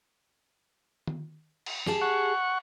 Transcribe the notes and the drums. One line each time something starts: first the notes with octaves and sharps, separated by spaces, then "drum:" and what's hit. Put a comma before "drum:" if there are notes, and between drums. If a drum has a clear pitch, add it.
drum: tom D#3
drum: cymbal
G4 G#4 A5, drum: snare
F#5 C#6